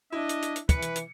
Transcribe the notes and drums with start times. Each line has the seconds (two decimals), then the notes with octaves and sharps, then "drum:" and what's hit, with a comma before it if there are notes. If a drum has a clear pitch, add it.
0.12 D4 E4 D#5
0.29 drum: hi-hat
0.42 drum: hi-hat
0.56 drum: hi-hat
0.69 E3 B4 C#7, drum: kick, hi-hat
0.82 drum: hi-hat
0.96 drum: hi-hat